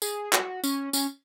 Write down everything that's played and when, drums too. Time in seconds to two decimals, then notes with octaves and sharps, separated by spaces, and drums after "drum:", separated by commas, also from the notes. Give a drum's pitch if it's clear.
0.02 G#4, drum: tambourine
0.33 F#4, drum: clap
0.64 C#4, drum: tambourine
0.93 C#4, drum: tambourine